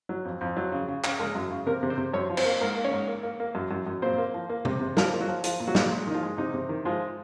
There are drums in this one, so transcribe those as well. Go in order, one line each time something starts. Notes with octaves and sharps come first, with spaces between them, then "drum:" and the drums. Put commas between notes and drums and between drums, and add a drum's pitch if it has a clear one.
F#3
F2
F2
F#3
C#3
C#3
C#3, drum: clap
G#3 A#3 A#4
F#2
C#3
C3 A#3 A#4
C3
C4 C5
C3
F#2 C#4 C#5
F3
C4 C5, drum: cymbal
A#3
G#2 A#3 A#4
A#3
C#4 C#5
G#2
A#3
A#3
A#3
F#2
F#2
F#2
A#2 C4 C5
A#3
F3
A#3
C3, drum: tom B2
C3
F3 A#3 A#4, drum: snare
A#3 F4
F#3 F#4
F3
F3 F4, drum: hi-hat
A#2
F#3 F#4
A#2, drum: snare
G#3
D#3 D#4
F3 F4
G#3
C3 D#4
C3
D#3
F3 G#3 F4